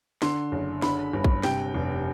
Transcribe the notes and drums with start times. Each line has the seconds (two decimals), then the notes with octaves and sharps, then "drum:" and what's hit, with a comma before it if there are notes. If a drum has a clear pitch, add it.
0.22 D3 C6, drum: snare
0.52 F#1
0.82 D3 B5, drum: snare
1.13 G1
1.24 drum: kick
1.43 C3 G5, drum: snare
1.74 F1